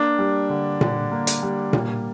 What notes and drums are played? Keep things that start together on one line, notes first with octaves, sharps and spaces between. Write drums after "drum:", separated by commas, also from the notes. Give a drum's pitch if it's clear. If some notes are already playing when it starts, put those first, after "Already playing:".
Already playing: A#3 D4
G3
D3
D3, drum: tom A#2
A#3
drum: hi-hat
G3
A#3, drum: tom A#2